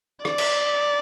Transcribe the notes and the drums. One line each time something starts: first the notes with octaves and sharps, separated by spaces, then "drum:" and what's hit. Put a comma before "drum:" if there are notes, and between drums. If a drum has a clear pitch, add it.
D5, drum: rim click
drum: cymbal